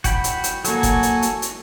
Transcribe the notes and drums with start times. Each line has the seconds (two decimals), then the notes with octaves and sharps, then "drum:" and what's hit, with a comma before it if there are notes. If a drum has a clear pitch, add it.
0.04 F#4 G5 B5, drum: kick F#1, hi-hat
0.24 drum: hi-hat
0.44 drum: hi-hat
0.65 F#3 A#3 F#4 A4 G#5, drum: hi-hat
0.83 drum: kick F#1, hi-hat
1.03 drum: hi-hat
1.22 drum: hi-hat
1.42 drum: hi-hat